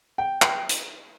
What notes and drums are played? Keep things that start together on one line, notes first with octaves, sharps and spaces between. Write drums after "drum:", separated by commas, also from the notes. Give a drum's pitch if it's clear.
G5
G5, drum: clap
drum: hi-hat